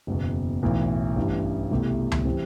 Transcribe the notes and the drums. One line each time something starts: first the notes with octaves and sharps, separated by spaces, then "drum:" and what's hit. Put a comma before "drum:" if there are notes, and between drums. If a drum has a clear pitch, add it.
F#1 E2 B2
B1 A2 E3
A1 G2 E3
C2 B2 A3 E4 G4
drum: tom C#2
E3 G3 C4